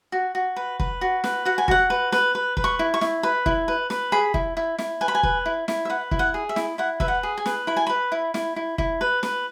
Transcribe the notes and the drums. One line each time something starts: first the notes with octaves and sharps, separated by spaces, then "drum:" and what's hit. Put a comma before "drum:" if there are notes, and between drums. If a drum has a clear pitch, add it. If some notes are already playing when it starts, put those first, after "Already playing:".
F#4
F#4
B4
B4, drum: kick
F#4
B4, drum: snare
F#4 F#5
G#5
F#4 F#5, drum: kick
B4
B4, drum: snare
B4
B4, drum: kick
C#6
E4
C#6
E4, drum: snare
B4 B5
E4, drum: kick
B4
B4, drum: snare
G#4 B5
E4, drum: kick
E4
E4, drum: snare
B4 G#5
B5
G#5
B4, drum: kick
E4
E4, drum: snare
E5
B4 F#5
E4, drum: kick
F#5
G#4
E5
E4, drum: snare
E4 F#5
B4 E5, drum: kick
F#5
G#4
G#5
B4, drum: snare
E4 B5
G#5
B4 B5
E4
E4, drum: snare
E4
E4, drum: kick
B4
B4, drum: snare